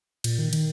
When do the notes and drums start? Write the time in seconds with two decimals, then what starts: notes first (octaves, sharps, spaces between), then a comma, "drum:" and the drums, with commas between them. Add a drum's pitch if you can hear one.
0.24 A#2, drum: cymbal
0.39 D#3
0.53 D#3, drum: cymbal